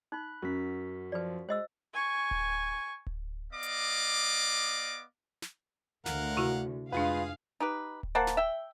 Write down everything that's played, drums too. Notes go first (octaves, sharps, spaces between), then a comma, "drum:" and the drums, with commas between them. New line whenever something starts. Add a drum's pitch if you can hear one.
D#4 B5 F#6
F#2 F#4 B6
F3 B4 D5
G#3 C5 D#5 E6
G#5 C#6
drum: kick D1
drum: kick D1
B3 D5 D#5 F5 D6
drum: hi-hat
drum: snare
D2 A#4 F5 F#5, drum: snare
C3 E4 F#4
F2 G#3 D4 F4 G#4 B4 F5
D#4 G4 B4
drum: kick D1
A#3 C5 F#5 A5
drum: snare
E5 G5